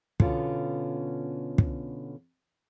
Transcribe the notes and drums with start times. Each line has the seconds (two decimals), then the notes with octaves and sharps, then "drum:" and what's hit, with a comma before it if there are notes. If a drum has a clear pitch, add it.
0.20 B2 D3 B3 C#4 F4, drum: kick
1.58 drum: kick